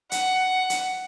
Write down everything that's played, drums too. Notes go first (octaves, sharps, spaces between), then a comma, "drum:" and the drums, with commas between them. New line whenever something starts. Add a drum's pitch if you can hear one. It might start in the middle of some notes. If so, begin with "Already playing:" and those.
F#5, drum: hi-hat
drum: hi-hat